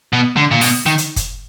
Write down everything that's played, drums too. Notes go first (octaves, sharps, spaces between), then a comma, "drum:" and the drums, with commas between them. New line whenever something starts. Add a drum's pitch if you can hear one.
B2
D3
A#2
B2, drum: open hi-hat
D#3
drum: hi-hat
drum: kick F#1, hi-hat